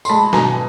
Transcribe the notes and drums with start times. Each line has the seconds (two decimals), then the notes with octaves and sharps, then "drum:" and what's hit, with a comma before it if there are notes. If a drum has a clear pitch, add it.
0.05 C6, drum: tambourine
0.09 G#3 A5 B5
0.33 B2 G#5 A#5, drum: snare